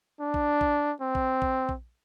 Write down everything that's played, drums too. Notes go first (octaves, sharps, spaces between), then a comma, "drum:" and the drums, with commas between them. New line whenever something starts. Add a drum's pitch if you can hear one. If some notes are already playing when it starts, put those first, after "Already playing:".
D4
drum: kick A#1
drum: kick A#1
C4
drum: kick A#1
drum: kick A#1
drum: kick A#1